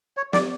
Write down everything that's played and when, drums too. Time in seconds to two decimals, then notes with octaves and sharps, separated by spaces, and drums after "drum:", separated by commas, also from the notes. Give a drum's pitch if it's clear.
0.17 C#5
0.33 D5, drum: snare